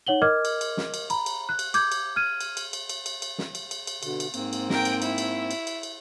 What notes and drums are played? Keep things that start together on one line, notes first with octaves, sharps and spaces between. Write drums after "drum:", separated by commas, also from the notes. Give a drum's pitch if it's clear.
D#4 C#5 F#5 F#7 G7
A#4 D#5 D6 F6 G#6
drum: cymbal
drum: cymbal
drum: snare
drum: cymbal
A#5 B5, drum: cymbal
drum: cymbal
F#6
drum: cymbal
D6 G6 G#6, drum: cymbal
drum: cymbal
F6 G#6 D#7
drum: cymbal
drum: cymbal
drum: cymbal
drum: cymbal
drum: cymbal
drum: cymbal
drum: snare
drum: cymbal
drum: cymbal
drum: cymbal
B2 D3, drum: cymbal
drum: cymbal
G#2 A#3 C4, drum: cymbal
drum: cymbal
A#4 G5, drum: snare
drum: cymbal
E4, drum: cymbal
drum: cymbal
drum: cymbal
drum: cymbal
drum: cymbal